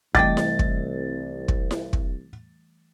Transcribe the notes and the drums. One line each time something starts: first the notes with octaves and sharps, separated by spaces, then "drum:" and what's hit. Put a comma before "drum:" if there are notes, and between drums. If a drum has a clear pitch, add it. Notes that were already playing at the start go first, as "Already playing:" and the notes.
C2 E3 G3 A3 D5 D#5 G5 A6, drum: kick
drum: snare E4
drum: kick
drum: kick
drum: snare E4
drum: kick